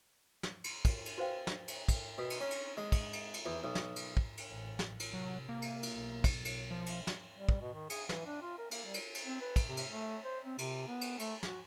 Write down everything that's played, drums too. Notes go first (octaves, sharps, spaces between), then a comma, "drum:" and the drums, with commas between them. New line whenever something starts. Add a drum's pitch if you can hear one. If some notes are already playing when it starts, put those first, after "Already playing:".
drum: snare
drum: cymbal
drum: kick, cymbal
drum: cymbal
F#4 B4 C5 F5 G5
drum: snare
drum: cymbal
drum: kick, cymbal
B2
drum: cymbal
C#4
drum: cymbal
G#3
drum: kick, cymbal
drum: cymbal
drum: cymbal
E2
B1
drum: snare
drum: cymbal
drum: kick
drum: cymbal
A1
drum: snare
drum: cymbal
C3 F#3
A#3
drum: cymbal
drum: cymbal
B1
drum: kick, cymbal
drum: cymbal
F3
drum: cymbal
drum: snare
G3
drum: kick
B2
D#3
G#4, drum: cymbal
E3, drum: snare
D4
F4
A#4
A#3, drum: cymbal
G3
drum: cymbal
drum: cymbal
C4
B4
drum: kick, cymbal
C3
drum: cymbal
A3
C5
C4
C3, drum: cymbal
B3
drum: cymbal
A3, drum: cymbal
F#4, drum: snare